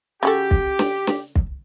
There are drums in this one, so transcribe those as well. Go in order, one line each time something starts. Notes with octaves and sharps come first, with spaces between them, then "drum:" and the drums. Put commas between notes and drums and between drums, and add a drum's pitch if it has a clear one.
C#3 F#4 G4 A4
drum: kick
drum: snare
drum: snare
drum: kick